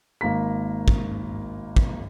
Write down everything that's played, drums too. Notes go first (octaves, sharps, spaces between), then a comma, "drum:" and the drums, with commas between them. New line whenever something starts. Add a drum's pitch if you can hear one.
G#1 A#3 A#5 B6
drum: kick
drum: kick